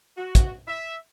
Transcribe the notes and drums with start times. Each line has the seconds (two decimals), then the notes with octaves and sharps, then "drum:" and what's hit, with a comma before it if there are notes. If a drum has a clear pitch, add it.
0.17 F#4
0.35 drum: kick, hi-hat
0.67 E5